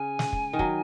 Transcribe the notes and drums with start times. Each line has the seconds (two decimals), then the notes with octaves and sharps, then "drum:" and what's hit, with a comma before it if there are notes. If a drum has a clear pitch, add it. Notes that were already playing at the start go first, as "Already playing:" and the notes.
Already playing: C#3 G#5
0.19 drum: snare
0.33 drum: kick
0.53 D#3
0.59 F#3, drum: kick